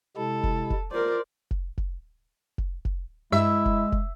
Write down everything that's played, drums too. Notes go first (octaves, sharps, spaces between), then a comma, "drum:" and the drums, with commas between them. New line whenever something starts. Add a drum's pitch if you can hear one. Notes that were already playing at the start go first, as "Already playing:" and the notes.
C3 G#3 E4 A4
drum: kick F1
drum: kick F1
F4 A#4 C5 D5
drum: kick F1
drum: kick F1
drum: kick F1
drum: kick F1
G2 G#3 E4 E5
drum: kick F1
drum: kick F1